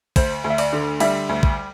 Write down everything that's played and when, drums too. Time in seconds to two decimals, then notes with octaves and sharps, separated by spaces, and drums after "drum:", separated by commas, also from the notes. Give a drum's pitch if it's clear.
0.16 D2 C5, drum: kick, cymbal
0.44 D2
0.50 E5
0.58 D5, drum: cymbal
0.73 D3
1.00 G3 E5, drum: cymbal
1.29 D2
1.43 drum: kick